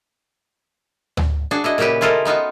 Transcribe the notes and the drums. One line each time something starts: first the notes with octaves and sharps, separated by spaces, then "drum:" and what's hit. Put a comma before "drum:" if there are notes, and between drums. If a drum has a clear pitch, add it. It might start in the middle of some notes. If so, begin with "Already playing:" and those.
drum: tom D2
D4 F#4 G#4
E4 F#4 D#5
A#2 C#3 F#4 G4 B4
C#4 E4 F4 A4 A#4 D#5
B3 D#4 F4 F#4